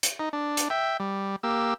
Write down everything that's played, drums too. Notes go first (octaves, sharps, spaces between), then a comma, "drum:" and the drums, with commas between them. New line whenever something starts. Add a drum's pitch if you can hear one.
drum: hi-hat
D#4
D4
drum: hi-hat
E5 G5
G3
A#3 G4 E6